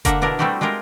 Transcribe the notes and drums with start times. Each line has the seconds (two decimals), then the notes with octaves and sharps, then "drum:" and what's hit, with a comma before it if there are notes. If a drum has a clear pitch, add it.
0.05 D3 A#3 A#4 E5 F#5, drum: kick F1, hi-hat
0.22 B2 D4 E4 A#4
0.39 G3 A3 C4 E4 F#4 G4
0.61 G#3 F4 G4 A#4